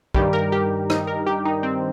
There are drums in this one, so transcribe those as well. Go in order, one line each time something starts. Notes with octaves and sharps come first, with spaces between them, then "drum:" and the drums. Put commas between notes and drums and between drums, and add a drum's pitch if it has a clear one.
G2 D#3 G3 G4, drum: kick
A#4
G4
D#4, drum: rim click
A#4
G4
D#4
C4